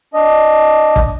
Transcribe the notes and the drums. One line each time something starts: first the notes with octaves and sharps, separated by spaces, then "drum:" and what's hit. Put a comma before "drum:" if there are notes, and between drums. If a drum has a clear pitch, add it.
D4 D#5
drum: kick